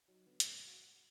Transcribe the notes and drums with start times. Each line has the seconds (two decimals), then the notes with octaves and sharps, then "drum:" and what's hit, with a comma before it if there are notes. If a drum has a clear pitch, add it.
0.08 F#3 D#4
0.26 D3 F#3 B3
0.40 F2 A2 C#3 G3 G#3 C4, drum: hi-hat
0.66 F#4 F5 F#6
0.82 F#5